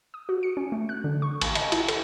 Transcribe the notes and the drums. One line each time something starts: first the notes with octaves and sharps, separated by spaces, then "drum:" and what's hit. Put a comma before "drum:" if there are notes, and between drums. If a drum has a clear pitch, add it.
D#6
F#4
C#7
C#4
A3
F#6
D3
C#6
A1, drum: cymbal
D#5, drum: cymbal
E4, drum: cymbal
A4, drum: cymbal